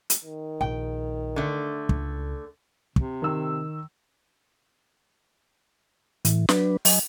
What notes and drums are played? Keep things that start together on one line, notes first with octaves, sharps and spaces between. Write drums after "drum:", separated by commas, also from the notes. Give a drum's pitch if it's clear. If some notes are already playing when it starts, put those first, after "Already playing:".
drum: hi-hat
D#3
A#1 G5
D3 A3
C#2, drum: kick
C3, drum: kick
D#3 E6
A2 E3, drum: hi-hat
F#3 D4 B4, drum: snare
F#3 D#5 G#5, drum: open hi-hat